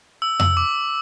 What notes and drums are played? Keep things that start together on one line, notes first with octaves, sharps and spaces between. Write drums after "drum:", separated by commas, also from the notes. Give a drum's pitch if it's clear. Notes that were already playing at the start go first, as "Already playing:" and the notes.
E6
E6, drum: tom F2
D6